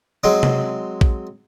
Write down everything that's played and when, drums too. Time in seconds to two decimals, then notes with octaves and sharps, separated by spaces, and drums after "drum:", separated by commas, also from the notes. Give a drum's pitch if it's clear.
0.24 F#3 G#3 C4
0.43 drum: tom C3
1.01 drum: kick A#1